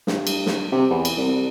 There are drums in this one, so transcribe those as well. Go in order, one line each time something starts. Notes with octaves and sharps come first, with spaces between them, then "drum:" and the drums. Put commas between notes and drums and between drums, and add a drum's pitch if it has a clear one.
G2, drum: snare
drum: cymbal
drum: snare
C3
E2
drum: cymbal
C2